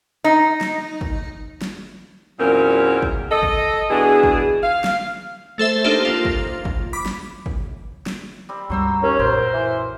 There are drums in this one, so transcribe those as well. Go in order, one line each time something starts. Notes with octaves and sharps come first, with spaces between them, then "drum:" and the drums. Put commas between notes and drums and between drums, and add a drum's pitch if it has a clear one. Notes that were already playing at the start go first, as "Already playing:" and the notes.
D#4
drum: snare
drum: kick
drum: snare
E2 A#2 F#3 C4 C#4 A#4
drum: kick
A4 D#5
drum: kick
B2 E3 B3 D4 G#4
drum: kick
F5
drum: snare
A3 A4 C5 E5
A#3 D4 D#4 G4 A4 C5
A#3 F4
drum: kick
drum: kick
B5 D6 B6
drum: snare
drum: kick
drum: snare
G3 C4
C#2 G2 F#3 G3 C5 E6
D#2 C#4
B1 F#2 A#2 A#4 C5
E3